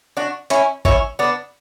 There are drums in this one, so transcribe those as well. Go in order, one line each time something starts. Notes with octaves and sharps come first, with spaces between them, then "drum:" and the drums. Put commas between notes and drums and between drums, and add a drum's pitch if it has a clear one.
D4 F#4
C#4 E4, drum: hi-hat
C#4 E4, drum: kick G#1
B3 D4